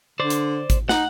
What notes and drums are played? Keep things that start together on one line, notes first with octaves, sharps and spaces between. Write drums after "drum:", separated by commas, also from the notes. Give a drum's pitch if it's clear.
D3 C5 D5
drum: hi-hat
drum: kick G#1, hi-hat
D#4 F#5, drum: snare